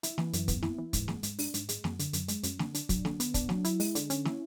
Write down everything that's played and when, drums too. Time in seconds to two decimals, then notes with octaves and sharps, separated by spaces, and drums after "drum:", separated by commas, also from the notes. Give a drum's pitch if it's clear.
0.03 E4, drum: hi-hat
0.18 E3, drum: snare
0.33 F#2, drum: hi-hat
0.48 B3, drum: kick, hi-hat
0.63 E4, drum: snare
0.78 E3
0.93 G#2, drum: kick, hi-hat
1.08 G#3, drum: snare
1.23 G#2, drum: hi-hat
1.39 D4, drum: open hi-hat
1.54 G#2, drum: hi-hat
1.69 G#3, drum: hi-hat
1.84 F#2, drum: snare
1.99 D3, drum: hi-hat
2.13 F#2, drum: hi-hat
2.28 G#3, drum: hi-hat
2.43 F#2, drum: hi-hat
2.59 D3, drum: snare
2.74 D4, drum: hi-hat
2.89 F#3, drum: kick, hi-hat
3.05 D3, drum: snare
3.20 B3, drum: hi-hat
3.34 D4, drum: kick, hi-hat
3.49 F#3, drum: snare
3.65 E4, drum: hi-hat
3.80 G#3, drum: open hi-hat
3.95 D3, drum: hi-hat
4.10 C#4, drum: hi-hat
4.25 E4, drum: snare